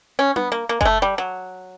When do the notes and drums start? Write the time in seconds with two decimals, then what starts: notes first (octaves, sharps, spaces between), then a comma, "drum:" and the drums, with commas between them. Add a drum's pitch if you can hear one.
0.19 C#4
0.36 B3, drum: tom D4
0.52 A#3
0.69 A#3
0.81 G#3, drum: kick F#1
0.85 A3
1.02 G3
1.18 F#3